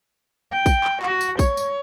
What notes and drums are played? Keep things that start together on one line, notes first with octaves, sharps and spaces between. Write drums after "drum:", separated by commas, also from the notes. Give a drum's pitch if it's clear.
G5
drum: kick, tambourine
drum: clap
F#4, drum: clap
drum: tambourine
C#5, drum: kick, tambourine
drum: tambourine